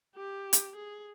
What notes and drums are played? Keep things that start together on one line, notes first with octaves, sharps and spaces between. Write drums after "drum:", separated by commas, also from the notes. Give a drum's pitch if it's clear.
G4
drum: hi-hat
G#4